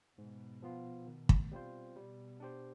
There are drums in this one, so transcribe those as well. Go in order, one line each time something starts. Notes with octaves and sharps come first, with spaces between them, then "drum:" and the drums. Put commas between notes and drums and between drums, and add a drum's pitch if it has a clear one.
G#2 B2
F3 B3 F4
D#3
drum: kick
G3 C4 F4 C5
B2 G3
D4 G4 C5